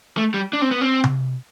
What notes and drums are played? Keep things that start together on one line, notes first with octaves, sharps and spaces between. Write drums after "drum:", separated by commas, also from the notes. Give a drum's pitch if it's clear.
A3
G3
D4
C4
B3
C4
drum: tom C3